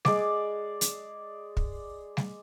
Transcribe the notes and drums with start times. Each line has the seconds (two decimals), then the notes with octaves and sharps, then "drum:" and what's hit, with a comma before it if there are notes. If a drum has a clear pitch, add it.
0.05 G#3 D5, drum: snare G3
0.81 drum: hi-hat
1.57 drum: kick
2.17 drum: snare G3